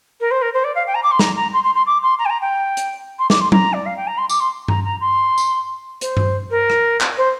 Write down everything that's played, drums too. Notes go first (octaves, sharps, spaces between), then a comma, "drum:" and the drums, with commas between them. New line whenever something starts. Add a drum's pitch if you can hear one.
A#4
C5
A#4
C5
D5
F5
G5
A#5
D6
C6
A#5, drum: snare
A#5
C6
C6
C6
D6
C6
A#5
G5
A#5
G5
drum: hi-hat
C6
D6, drum: snare
C6
A#5, drum: tom F#3
D5
F5
G5
A#5
C6
D6, drum: tambourine
C6
A#5, drum: tom G2
A#5
C6
drum: tambourine
C5, drum: hi-hat
drum: tom G2
A#4
drum: rim click
drum: clap
C5